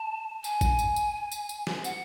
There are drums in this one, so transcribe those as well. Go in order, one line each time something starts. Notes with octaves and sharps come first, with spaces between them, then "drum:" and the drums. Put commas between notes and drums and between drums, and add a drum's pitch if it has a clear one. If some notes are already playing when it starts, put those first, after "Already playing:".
Already playing: A5
G#5, drum: tambourine
drum: kick, tambourine
drum: tambourine
drum: tambourine
drum: tambourine
drum: tambourine
drum: snare
F#5, drum: tambourine